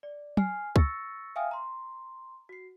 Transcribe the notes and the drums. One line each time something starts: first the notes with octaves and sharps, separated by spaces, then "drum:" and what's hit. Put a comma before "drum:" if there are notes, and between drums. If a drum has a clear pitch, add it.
D5
G#5 F6 C7, drum: tom
C#6 E6 A6 A#6 C#7, drum: kick
E5 F5 G5 G#5 D#6 F6
A#5 C6
F#4 C7